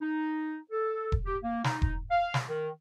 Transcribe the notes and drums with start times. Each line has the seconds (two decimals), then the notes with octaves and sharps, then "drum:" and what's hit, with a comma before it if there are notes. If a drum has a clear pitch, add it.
0.02 D#4
0.72 A4
1.12 drum: kick E1
1.26 G4
1.43 A#3
1.64 D#4, drum: snare
1.82 drum: kick E1
2.11 F5
2.34 drum: snare
2.49 D#3